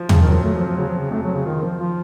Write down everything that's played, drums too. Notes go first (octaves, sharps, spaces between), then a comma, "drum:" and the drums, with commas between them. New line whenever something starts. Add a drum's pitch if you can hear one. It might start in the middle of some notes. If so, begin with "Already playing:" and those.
Already playing: F3
F2 C#3, drum: tom
D#3
F#3
F3
F#3 A3
F3
C4
F3
C#3 F#3
F3
C#3 C4
F2 A3
F#3
C4
C#3
D#3 F4
F3 C4
F3 F4